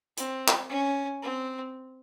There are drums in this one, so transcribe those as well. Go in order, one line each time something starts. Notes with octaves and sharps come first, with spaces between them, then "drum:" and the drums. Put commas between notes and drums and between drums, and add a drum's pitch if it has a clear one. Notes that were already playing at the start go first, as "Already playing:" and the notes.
C4, drum: hi-hat
drum: clap
C#4
C4